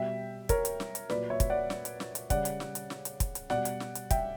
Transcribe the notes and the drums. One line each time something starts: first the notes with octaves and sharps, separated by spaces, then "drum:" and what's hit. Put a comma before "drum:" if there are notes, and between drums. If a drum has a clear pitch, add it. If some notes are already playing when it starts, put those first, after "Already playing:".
Already playing: B2 G3 E5 G5
A#4 C#5, drum: kick, hi-hat
drum: hi-hat
drum: snare
drum: hi-hat
A#2 F#3 B4 D5, drum: snare
C#5 E5
drum: kick, hi-hat
D5 F#5
drum: snare
drum: hi-hat
drum: snare
drum: hi-hat
C#3 G3 D5 F#5, drum: kick, hi-hat
drum: hi-hat
drum: snare
drum: hi-hat
drum: snare
drum: hi-hat
drum: kick, hi-hat
drum: hi-hat
B2 G3 D5 F#5, drum: snare
drum: hi-hat
drum: snare
drum: hi-hat
E5 G5, drum: kick, hi-hat